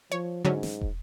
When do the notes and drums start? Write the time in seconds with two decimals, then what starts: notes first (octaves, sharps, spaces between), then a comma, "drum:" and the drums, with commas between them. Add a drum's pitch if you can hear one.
0.12 F3 C#5
0.45 G#2 D3 F#3 C#4
0.63 drum: snare
0.81 drum: kick